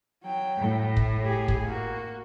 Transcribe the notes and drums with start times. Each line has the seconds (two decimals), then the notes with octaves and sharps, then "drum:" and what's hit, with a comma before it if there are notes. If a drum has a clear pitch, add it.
0.24 F#3 G5
0.60 A2
0.97 drum: kick
1.22 G4 G#4
1.48 drum: kick
1.66 A#3 F#4